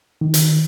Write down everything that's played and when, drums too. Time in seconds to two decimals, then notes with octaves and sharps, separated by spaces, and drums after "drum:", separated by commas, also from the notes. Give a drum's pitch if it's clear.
0.21 D#3
0.34 drum: hi-hat